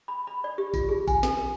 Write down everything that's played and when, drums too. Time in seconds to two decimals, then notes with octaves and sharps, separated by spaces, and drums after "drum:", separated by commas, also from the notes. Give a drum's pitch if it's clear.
0.08 B5
0.27 B5
0.44 D5
0.58 G4
0.74 F4, drum: kick, tambourine
0.89 G#4
1.08 G#5, drum: kick, tambourine
1.23 A4, drum: snare
1.37 A#4